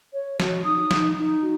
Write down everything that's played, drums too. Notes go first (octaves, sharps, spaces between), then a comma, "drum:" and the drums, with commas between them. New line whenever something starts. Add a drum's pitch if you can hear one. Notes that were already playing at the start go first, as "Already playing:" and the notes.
C#5
F#4, drum: snare
D#4 D#6
D#4, drum: snare
D#4
F#4